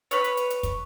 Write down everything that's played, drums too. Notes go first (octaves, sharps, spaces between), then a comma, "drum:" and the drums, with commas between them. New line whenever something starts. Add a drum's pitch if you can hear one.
B4 C#5, drum: hi-hat
drum: hi-hat
drum: hi-hat
drum: hi-hat
drum: kick, hi-hat